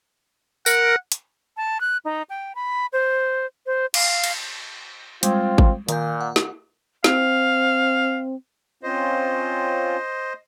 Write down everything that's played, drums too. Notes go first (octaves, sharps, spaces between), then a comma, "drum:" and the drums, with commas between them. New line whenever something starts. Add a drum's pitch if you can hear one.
A#4 F#5, drum: tambourine
drum: hi-hat
A5
F#6
D#4
G5
B5
C5
C5
F5, drum: cymbal
drum: cymbal
G3 G#3 C4 F4, drum: hi-hat
drum: kick G#1
A#2 D#3 F5 G6, drum: hi-hat
F#5
drum: snare
C4 F5, drum: snare
C4 C#4 F4 C5 D#5